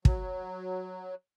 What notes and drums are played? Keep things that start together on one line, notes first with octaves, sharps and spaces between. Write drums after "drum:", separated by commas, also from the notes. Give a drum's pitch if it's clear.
F#3, drum: kick